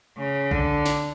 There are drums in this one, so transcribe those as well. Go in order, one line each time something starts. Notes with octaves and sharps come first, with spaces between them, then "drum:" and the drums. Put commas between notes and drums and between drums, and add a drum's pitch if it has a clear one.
C#3
D3, drum: kick A#1
drum: snare